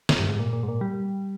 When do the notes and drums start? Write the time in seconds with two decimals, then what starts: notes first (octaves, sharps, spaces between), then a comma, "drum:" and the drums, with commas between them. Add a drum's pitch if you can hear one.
0.09 drum: snare
0.19 G2
0.29 G#2
0.39 A#2
0.53 A#2
0.63 G#2
0.68 A#2
0.81 G3